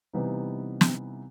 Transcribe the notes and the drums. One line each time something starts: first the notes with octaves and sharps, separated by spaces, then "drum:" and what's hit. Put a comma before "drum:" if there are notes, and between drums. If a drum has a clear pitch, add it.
C3 E3 G3 B3 D#4
drum: snare